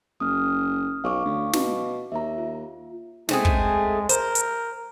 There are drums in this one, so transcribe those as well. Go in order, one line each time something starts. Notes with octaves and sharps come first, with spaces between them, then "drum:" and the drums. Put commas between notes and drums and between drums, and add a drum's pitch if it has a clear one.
F#1 D#6 F6
B1 F5 C#6 D6
D2
B2, drum: snare
D#2 E5 A#5
F4
G#3 A3 C4 G#4, drum: snare
drum: kick
A#4 C5, drum: hi-hat
drum: hi-hat